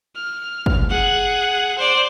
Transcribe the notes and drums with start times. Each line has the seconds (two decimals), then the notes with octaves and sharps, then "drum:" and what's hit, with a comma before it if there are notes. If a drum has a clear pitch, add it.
0.16 F6
0.66 drum: kick
0.90 G#4 F#5
1.78 C5 D5